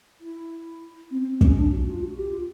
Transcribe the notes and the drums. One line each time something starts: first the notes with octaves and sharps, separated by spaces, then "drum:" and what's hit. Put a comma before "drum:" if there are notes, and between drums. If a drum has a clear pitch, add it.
E4
C4
C4
C4
C#4, drum: kick
D4
F#4
F4
F#4
G4
F4